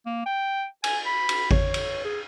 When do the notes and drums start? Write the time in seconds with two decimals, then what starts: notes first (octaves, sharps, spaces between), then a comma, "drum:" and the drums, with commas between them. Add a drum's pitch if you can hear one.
0.06 A#3
0.26 G5
0.84 G#5, drum: cymbal
1.06 B5
1.29 drum: cymbal
1.51 C#5, drum: kick G#1
1.74 drum: cymbal
2.05 G#4